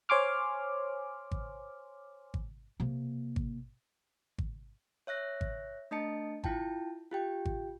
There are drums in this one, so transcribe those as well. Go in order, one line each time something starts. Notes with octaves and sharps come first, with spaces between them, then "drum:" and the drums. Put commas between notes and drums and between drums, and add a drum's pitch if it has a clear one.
C5 C#5 G#5 C6 D6 F6
drum: kick G#1
drum: kick G#1
C3 A#3
drum: kick G#1
drum: kick G#1
C#5 E5 F#6 A#6
drum: kick G#1
A3 D4 D#5 A5 C#7
E4 F4 G5 A5, drum: kick G#1
F4 G4 G5
drum: kick G#1